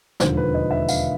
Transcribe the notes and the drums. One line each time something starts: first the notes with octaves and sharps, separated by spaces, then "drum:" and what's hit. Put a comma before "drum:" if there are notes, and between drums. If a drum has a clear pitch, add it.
E1 D#2 D3 F3 C5, drum: snare
B4
D#5
E5
F5, drum: tambourine